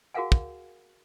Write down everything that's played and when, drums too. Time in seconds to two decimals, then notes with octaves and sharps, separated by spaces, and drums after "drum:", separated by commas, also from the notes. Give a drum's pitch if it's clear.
0.14 F#4 G#4 A#4 F5 F#5 G#5
0.32 drum: kick